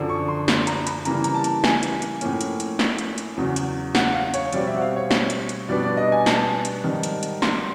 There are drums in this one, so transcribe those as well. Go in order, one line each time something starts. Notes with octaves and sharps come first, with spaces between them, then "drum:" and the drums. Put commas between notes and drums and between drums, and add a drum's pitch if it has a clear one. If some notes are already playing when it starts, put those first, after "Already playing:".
Already playing: F#2 D3 F3
C#6
C6
B5, drum: snare
A#5, drum: hi-hat
B5, drum: hi-hat
C#3 E3 G3 A#3 A#5, drum: hi-hat
A#5, drum: hi-hat
A5
drum: hi-hat
G#5, drum: snare
drum: hi-hat
drum: hi-hat
A2 F3 A#3 C#4, drum: hi-hat
drum: hi-hat
drum: hi-hat
drum: snare
drum: hi-hat
drum: hi-hat
E2 C#3 F#3
drum: hi-hat
F#5, drum: snare
F5
C#5, drum: hi-hat
B2 G3 C4 D5, drum: hi-hat
E5
F#5
F5
C#5
drum: snare
drum: hi-hat
drum: hi-hat
B2 G3 B3 D4 D5
D5
D#5
G#5
A5, drum: snare
drum: hi-hat
G#2 D#3 G3
drum: hi-hat
drum: hi-hat
C6, drum: snare